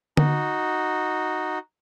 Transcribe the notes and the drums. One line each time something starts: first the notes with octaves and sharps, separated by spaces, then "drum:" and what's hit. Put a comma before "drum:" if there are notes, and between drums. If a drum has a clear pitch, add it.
D#4 F#4, drum: tom D3